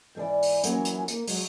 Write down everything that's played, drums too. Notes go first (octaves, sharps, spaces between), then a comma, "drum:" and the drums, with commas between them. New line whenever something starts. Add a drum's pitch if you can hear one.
G#2 E3 G#4 D5
drum: open hi-hat
F#3 A#3 C#4, drum: hi-hat
drum: hi-hat
A#3, drum: hi-hat
F#3 G#3, drum: open hi-hat